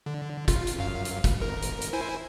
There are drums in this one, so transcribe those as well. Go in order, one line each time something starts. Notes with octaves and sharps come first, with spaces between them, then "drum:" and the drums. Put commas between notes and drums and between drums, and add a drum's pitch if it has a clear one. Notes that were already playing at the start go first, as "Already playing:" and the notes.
D3
F4, drum: kick, hi-hat
drum: hi-hat
F#2 F5
drum: hi-hat
drum: kick, hi-hat
G#1 A#4
drum: hi-hat
drum: hi-hat
E4 C5 G#5